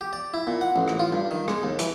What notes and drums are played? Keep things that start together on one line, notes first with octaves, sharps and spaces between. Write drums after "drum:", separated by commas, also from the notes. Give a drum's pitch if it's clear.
G4
D5
E4
A#2
F#5
A1
drum: rim click
F4
G2
D#3
G#3, drum: rim click
D#2
E3, drum: hi-hat